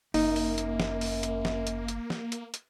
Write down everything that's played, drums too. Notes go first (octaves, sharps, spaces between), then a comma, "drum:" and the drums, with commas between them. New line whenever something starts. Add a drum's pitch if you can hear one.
G1 F#2 A#3 D#4, drum: open hi-hat
drum: open hi-hat
drum: hi-hat
drum: snare
drum: open hi-hat
drum: hi-hat
drum: snare
drum: hi-hat
drum: hi-hat
drum: snare
drum: hi-hat
drum: hi-hat